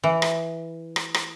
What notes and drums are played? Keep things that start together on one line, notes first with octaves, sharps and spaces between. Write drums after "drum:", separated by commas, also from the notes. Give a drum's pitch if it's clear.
E3
drum: rim click
drum: rim click
drum: rim click